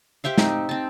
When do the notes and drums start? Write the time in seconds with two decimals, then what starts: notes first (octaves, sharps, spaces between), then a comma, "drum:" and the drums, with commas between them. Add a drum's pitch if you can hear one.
0.24 G4 C5 E5 F5
0.38 C4 D#4, drum: snare
0.69 C4 A5